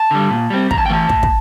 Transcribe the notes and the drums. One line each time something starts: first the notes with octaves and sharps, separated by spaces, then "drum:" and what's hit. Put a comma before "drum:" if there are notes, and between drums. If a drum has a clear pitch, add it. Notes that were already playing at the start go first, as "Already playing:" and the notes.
Already playing: A5
D3 G3
A#2
G3 C4
E2 A#5, drum: kick
A5
G5
E3 A3 A5
A2, drum: kick
drum: kick